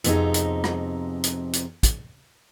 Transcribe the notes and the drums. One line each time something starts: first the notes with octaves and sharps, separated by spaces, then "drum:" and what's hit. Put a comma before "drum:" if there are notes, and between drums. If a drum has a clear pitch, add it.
F2 C3 B3 D#4 G#4 A#5, drum: hi-hat
drum: hi-hat
drum: rim click
drum: hi-hat
drum: hi-hat
drum: kick, hi-hat